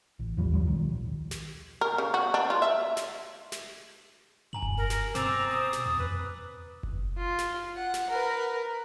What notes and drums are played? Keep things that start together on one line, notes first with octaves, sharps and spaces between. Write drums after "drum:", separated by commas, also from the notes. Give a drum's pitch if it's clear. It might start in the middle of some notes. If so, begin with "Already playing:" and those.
A1
E2 F3 G3
D#2 F3 G3
D1 B1 D#3
drum: snare
A#4
C#3
F#4
D4
F4
E5
drum: snare
drum: snare
G2 G#5 A#5 F#7
drum: kick F#1
A#4
drum: snare
B2 C4 A#5 D6 E6 A6, drum: snare
D#6
drum: snare
E2
F2 B4
drum: kick F#1
F4
drum: snare
F#5
drum: snare
A#4 B4